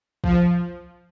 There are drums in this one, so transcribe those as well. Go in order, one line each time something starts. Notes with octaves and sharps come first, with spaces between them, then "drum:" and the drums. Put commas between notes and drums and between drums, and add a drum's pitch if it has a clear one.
F3, drum: kick